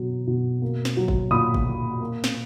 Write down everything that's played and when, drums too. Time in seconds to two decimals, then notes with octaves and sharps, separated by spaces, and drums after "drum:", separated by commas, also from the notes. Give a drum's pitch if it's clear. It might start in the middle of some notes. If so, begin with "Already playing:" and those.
Already playing: B2 F#3
0.27 B2
0.62 A#3
0.85 drum: snare
0.97 F#3
1.08 drum: kick G1
1.31 A#2 B5 D#6
1.54 drum: kick G1
1.66 A#2
2.00 A#3
2.24 drum: snare